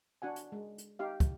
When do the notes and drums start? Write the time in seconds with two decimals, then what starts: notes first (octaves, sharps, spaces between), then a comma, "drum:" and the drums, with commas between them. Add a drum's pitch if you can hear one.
0.22 D4 F#4 F#5 G#5
0.36 drum: hi-hat
0.52 G#3
0.78 drum: hi-hat
0.99 D#4 G4 F5
1.20 drum: kick, hi-hat